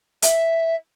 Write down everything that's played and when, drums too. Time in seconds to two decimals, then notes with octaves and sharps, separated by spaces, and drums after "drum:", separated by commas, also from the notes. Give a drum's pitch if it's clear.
0.22 E5, drum: hi-hat